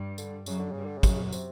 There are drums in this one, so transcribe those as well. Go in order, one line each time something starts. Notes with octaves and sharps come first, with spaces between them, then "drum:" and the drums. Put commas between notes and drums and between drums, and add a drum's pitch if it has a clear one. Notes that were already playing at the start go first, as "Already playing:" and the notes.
Already playing: G2 G3
D3, drum: tambourine
F#2 C#3 F#3, drum: tambourine
D3
G2 C#3 G3
D3
C#3
F#2 F#3, drum: kick, tambourine
C3, drum: tambourine